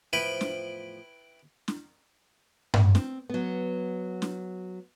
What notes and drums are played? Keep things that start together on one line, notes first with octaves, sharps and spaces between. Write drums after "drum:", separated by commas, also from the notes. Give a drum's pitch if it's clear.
E2 A2 F3 E4 B4 G5
drum: snare
drum: snare
drum: tom G2
C4, drum: snare
F#3 B3
drum: snare